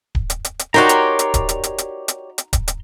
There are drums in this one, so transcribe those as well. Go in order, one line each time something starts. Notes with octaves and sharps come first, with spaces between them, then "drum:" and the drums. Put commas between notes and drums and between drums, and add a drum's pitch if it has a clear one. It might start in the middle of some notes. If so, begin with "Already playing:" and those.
drum: kick D1
drum: hi-hat
drum: hi-hat
drum: hi-hat
D#4 F#4 G4 A#4 C#5 D5 A#5 C6
drum: hi-hat
drum: hi-hat
drum: kick D1, hi-hat
drum: hi-hat
drum: hi-hat
drum: hi-hat
drum: hi-hat
drum: hi-hat
drum: kick D1, hi-hat
drum: hi-hat